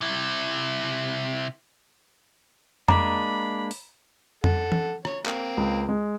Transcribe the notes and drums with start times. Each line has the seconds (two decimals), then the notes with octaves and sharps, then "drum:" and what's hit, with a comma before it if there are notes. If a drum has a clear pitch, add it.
0.01 C3 E4
2.88 G#3 A#3 D4 A#5 B5 D6, drum: tom F2
3.71 drum: open hi-hat
4.44 A4 F#5, drum: tom F2
4.72 drum: tom E3
5.05 C#5, drum: rim click
5.26 A#3 C4, drum: clap
5.57 C#2
5.89 G#3